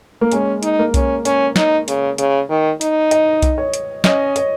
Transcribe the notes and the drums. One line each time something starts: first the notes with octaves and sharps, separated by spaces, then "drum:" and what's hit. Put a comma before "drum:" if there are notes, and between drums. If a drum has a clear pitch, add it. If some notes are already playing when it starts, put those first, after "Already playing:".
A#3
G#3 C#4, drum: hi-hat
D#4, drum: hi-hat
A#3
C#4, drum: kick B1, hi-hat
C#4 C#5, drum: hi-hat
D#4, drum: snare
C#3, drum: hi-hat
C#3, drum: hi-hat
D#3
D#4, drum: hi-hat
D#5, drum: hi-hat
drum: kick B1, hi-hat
C#5
drum: hi-hat
C#4 D#5, drum: snare
C#5, drum: hi-hat